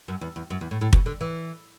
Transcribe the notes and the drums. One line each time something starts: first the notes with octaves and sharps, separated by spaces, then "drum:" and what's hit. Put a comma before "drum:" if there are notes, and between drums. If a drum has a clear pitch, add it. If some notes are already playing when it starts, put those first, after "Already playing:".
F#2
E2
E2
F#2
E2
A2
A2
B2, drum: kick
D3
E3